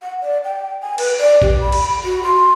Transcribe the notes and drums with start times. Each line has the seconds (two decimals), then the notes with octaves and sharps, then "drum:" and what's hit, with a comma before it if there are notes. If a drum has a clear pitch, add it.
0.02 F#5
0.22 D5
0.44 G5
0.82 G#5
0.98 B4, drum: cymbal
1.19 D5
1.42 G4, drum: kick A#1
1.61 B5
1.72 drum: cymbal
2.04 F#4
2.23 C6